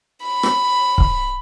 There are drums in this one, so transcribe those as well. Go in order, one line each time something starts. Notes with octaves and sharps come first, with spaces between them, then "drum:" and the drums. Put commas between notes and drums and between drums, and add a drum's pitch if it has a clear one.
B5
drum: rim click
drum: kick